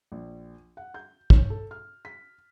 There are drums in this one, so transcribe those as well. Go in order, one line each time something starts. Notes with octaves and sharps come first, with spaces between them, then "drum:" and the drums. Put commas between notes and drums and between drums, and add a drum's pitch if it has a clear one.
A#1
F#5
G6
C#5, drum: kick
A4
F6
B6